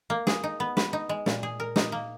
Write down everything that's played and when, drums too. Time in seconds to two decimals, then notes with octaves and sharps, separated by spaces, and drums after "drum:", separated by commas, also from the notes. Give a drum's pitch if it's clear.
0.10 A#3
0.27 G#4, drum: snare
0.44 D#4
0.60 B3
0.77 B4, drum: snare
0.93 D#4
1.09 G#3
1.26 A#2, drum: snare
1.43 G#4
1.60 A#4
1.76 D#4, drum: snare
1.92 A#3